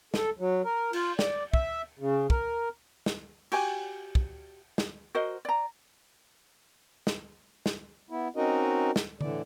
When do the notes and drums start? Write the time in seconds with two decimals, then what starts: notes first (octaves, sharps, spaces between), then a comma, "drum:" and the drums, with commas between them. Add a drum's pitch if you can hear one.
0.14 A4, drum: snare
0.39 F#3
0.64 A#4
0.93 F4, drum: cymbal
1.19 D5, drum: snare
1.54 E5, drum: kick
1.99 C#3
2.30 A#4, drum: kick
3.06 drum: snare
3.52 F#4 G4 G#5, drum: cymbal
4.15 drum: kick
4.78 drum: snare
5.15 F#4 A#4 C5 D#5
5.45 D5 A#5
7.07 drum: snare
7.66 drum: snare
8.10 B3 E4
8.36 C4 C#4 D#4 F#4 A#4 D#5
8.96 drum: snare
9.21 A2 D3 E3 D5, drum: tom D3